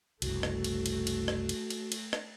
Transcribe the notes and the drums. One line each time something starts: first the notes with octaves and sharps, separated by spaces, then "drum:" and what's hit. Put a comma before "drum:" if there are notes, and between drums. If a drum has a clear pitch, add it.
F#1 C2 A3 F#4, drum: cymbal
drum: rim click
drum: cymbal
drum: cymbal
drum: cymbal
drum: rim click
drum: cymbal
drum: cymbal
drum: cymbal
drum: rim click